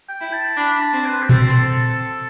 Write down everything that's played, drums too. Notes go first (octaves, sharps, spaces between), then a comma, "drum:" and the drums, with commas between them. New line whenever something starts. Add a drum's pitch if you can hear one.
G5
E4
A5
D4 B5
A5
C4
B4
G4
C4 A4, drum: tom A#2